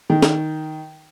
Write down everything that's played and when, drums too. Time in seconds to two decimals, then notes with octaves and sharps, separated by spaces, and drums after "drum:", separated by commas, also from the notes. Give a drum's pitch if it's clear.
0.10 D#3
0.22 drum: snare